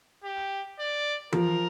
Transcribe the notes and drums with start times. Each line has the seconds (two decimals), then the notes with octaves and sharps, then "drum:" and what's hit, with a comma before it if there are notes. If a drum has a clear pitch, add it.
0.24 G4
0.79 D5
1.33 F3 A#4, drum: tom E3